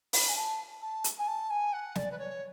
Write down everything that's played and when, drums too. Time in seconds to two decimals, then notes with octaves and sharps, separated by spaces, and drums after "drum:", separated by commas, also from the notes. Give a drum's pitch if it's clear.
0.13 B5, drum: open hi-hat
0.28 G#5
0.36 A5
0.81 A5
1.04 drum: hi-hat
1.18 G#5
1.27 A5
1.50 G#5
1.73 F#5
1.95 D5, drum: snare
2.11 B4
2.18 C#5